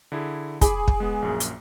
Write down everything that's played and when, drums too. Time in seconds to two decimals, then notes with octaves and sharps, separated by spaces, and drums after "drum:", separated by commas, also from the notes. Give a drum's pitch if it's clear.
0.12 D3 E4 G#4
0.61 G#4 B5 D6, drum: kick, hi-hat
0.88 drum: kick
1.00 G#3 B3
1.22 A#1 F#2 A#3
1.40 drum: hi-hat